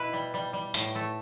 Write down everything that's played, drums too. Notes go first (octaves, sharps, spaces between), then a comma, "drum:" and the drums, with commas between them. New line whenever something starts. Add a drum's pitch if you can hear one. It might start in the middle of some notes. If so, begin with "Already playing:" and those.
Already playing: B2 E4 B4
G3
G3
G3
A2, drum: hi-hat
A3